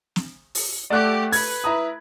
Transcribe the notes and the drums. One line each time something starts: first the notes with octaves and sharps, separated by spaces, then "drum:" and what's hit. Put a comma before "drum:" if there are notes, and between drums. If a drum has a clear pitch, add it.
drum: snare
drum: open hi-hat
A3 G4 D5 F#5 F#6
B4 G#6, drum: open hi-hat
E4 A#5 D#6